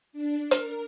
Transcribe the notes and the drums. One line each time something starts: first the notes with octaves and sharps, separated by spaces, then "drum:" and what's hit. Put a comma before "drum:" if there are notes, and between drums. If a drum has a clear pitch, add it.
D4
A#4, drum: hi-hat